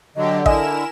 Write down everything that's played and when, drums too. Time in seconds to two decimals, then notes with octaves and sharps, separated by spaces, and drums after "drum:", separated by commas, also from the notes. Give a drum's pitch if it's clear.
0.16 D3 F#3 D4 G4 D#5
0.46 E4 A#4 D#5 G#5 E7, drum: kick A1